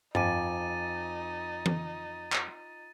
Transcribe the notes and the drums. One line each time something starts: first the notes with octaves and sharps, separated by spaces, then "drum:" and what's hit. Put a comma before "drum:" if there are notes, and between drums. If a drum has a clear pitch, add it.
F2 D#4 F4 G#5 D6 A6 D#7, drum: tom G2
drum: tom E3
drum: clap